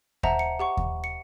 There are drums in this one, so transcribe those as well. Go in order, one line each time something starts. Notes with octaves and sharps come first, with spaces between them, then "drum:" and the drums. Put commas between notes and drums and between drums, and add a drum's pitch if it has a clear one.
C5 D#5 E5 F#5 A5 A#5, drum: kick D#2
C#7
G4 F#5 C#6
drum: kick D#2
C#7